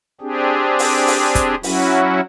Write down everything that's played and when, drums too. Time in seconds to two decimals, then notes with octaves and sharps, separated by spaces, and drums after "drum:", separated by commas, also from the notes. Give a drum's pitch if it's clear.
0.21 C4 D4 G4 G#4
0.79 drum: open hi-hat
1.07 drum: open hi-hat
1.35 drum: kick, hi-hat
1.63 F#3 C#4 E4 F#4, drum: open hi-hat